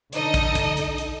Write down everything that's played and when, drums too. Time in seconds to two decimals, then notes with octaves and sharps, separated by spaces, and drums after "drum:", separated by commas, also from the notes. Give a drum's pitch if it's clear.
0.13 D3 D#4 A4 D#5, drum: hi-hat
0.34 drum: kick, hi-hat
0.55 drum: kick, hi-hat
0.77 drum: hi-hat
0.98 drum: hi-hat